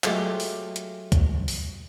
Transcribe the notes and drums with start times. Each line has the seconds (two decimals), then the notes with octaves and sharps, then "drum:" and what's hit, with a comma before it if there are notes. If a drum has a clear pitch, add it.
0.04 F#3 G#3 A3 F4 G4, drum: clap
0.40 drum: open hi-hat
0.76 drum: hi-hat
1.12 drum: kick, hi-hat
1.48 drum: open hi-hat